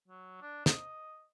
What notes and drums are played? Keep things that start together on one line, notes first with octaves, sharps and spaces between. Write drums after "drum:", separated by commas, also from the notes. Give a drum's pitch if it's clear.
F#3
D4
D#5, drum: snare